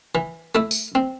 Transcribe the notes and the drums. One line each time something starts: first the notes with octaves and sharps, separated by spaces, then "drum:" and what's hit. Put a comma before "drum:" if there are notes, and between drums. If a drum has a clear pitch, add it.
E3
A3 E4
drum: tambourine
C4